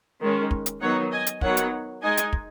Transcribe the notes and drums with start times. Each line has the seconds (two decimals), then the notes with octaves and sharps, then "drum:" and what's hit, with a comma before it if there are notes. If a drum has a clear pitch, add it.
0.20 D#3 G#3 C#4
0.51 drum: kick
0.66 drum: hi-hat
0.81 D#3 F#3 B3 D#4 C#5 F#5
1.11 D#5 G#5
1.27 drum: hi-hat
1.41 D#3 F#3 B3 D#4 C#5 F#5, drum: kick
1.57 drum: hi-hat
2.02 G#3 D#4 D#5 G#5
2.17 drum: hi-hat
2.33 drum: kick